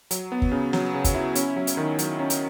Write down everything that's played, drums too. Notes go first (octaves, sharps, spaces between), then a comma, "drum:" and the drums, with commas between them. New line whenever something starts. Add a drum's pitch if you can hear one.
F#3, drum: hi-hat
B3
drum: kick
C#3
F#3, drum: snare
C#3
drum: kick, hi-hat
E4
C#4, drum: hi-hat
F#3
drum: hi-hat
D#3
F#3, drum: hi-hat
C#4
drum: hi-hat